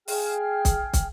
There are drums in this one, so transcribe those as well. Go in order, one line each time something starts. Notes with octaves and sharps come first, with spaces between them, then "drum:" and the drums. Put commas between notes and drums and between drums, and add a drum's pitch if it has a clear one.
G#4 F5 G5 F6, drum: open hi-hat
drum: kick, hi-hat
drum: kick, hi-hat